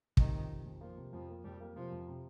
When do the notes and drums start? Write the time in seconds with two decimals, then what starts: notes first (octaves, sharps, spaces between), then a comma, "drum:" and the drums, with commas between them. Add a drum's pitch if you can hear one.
0.17 C3 D#3, drum: kick
0.34 F2
0.49 C3
0.65 F2
0.81 F3 A#3
0.97 C3
1.12 F2 F3
1.29 A#3
1.44 F2 G3
1.60 A#3
1.75 C3 F3
1.91 F2
2.08 C3